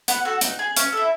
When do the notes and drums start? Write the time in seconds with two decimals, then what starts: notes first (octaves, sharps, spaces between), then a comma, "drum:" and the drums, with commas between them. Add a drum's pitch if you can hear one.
0.08 B3 F#5, drum: hi-hat
0.25 F#4 A4
0.41 D#4, drum: hi-hat
0.59 G#4
0.77 C#4, drum: hi-hat
0.92 E4 A4